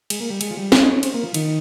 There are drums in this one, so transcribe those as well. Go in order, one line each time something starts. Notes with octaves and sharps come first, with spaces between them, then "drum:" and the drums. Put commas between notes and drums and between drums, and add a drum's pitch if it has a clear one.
G#3, drum: cymbal
A#3
G3
G#3, drum: cymbal
F3
G3
G#3, drum: snare
D#4
C#4
C4, drum: cymbal
A#3
F3
D#3, drum: cymbal